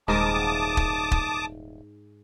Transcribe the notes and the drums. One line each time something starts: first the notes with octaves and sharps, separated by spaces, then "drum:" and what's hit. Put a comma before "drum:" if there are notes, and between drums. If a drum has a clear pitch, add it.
D#1 G#2 A#4 A5 D6 D#6
drum: kick
drum: kick